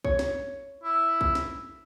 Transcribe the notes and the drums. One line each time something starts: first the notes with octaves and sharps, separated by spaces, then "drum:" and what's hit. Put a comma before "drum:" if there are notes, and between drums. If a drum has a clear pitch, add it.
C#5, drum: kick
drum: snare
E4
drum: kick
drum: snare